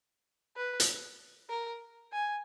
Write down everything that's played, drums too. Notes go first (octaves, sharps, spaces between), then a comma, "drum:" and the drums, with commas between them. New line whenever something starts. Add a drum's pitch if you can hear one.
B4
drum: hi-hat
A#4
G#5